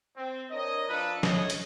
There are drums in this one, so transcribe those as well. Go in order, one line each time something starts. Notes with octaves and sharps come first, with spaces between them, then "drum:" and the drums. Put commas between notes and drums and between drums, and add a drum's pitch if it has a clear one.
C4
D4 A#4 C#5 D#5
F3 D4 F4 A4 B4
A3 C#5 D#5, drum: snare
drum: hi-hat